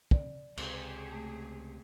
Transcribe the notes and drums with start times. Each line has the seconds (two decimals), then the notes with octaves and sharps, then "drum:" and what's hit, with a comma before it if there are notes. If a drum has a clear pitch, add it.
0.11 D5, drum: kick
0.57 C#2 C3 G4 G#4, drum: cymbal
1.07 A3 G6